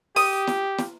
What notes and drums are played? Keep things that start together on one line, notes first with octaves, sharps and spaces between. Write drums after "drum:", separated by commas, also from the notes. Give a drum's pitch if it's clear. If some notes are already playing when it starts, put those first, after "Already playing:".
G4 D#6, drum: open hi-hat
drum: snare
drum: snare